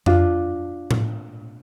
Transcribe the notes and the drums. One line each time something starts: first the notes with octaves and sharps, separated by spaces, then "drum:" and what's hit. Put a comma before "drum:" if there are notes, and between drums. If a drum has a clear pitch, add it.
D4 F4, drum: tom F2
drum: tom A2